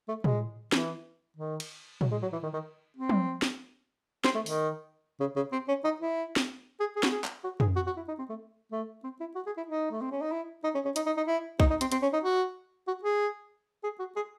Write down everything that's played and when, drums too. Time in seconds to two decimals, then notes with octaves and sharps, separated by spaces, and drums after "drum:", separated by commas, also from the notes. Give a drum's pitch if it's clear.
0.09 A3
0.24 G#3, drum: tom
0.72 E3, drum: snare
1.37 D#3
1.60 drum: cymbal
2.01 F#3, drum: tom
2.11 G#3
2.22 F#3
2.33 E3
2.43 D#3
2.54 D#3
2.97 C4
3.09 drum: tom
3.42 drum: snare
4.25 C4, drum: snare
4.35 A3
4.46 D#3, drum: open hi-hat
5.20 C#3
5.36 C#3
5.52 C4
5.68 C#4
5.84 D#4
6.00 E4
6.36 drum: snare
6.80 G#4
6.96 G#4
7.03 F#4, drum: snare
7.10 G#4
7.24 drum: clap
7.44 F#4
7.60 G#4, drum: tom
7.76 F#4
7.87 F#4
7.97 E4
8.08 D#4
8.19 C4
8.29 A3
8.72 A3
9.04 C4
9.20 E4
9.36 F#4
9.46 G#4
9.57 E4
9.68 D#4
9.91 A3
10.02 C4
10.11 C#4
10.22 D#4
10.32 E4
10.64 D#4
10.75 C#4
10.85 C#4
10.96 D#4, drum: hi-hat
11.06 D#4
11.17 D#4
11.27 E4
11.60 D#4, drum: kick B1
11.70 D#4
11.81 C4, drum: hi-hat
11.92 C4, drum: hi-hat
12.02 C#4
12.13 D#4
12.24 F#4
12.87 F#4
13.03 G#4
13.84 G#4
13.99 F#4
14.16 G#4